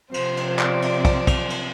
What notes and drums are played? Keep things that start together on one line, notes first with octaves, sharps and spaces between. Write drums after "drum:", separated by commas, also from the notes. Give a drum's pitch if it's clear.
C3 F3 C4 C5, drum: cymbal
drum: cymbal
D5, drum: clap
drum: cymbal
drum: kick, cymbal
drum: kick, cymbal
drum: cymbal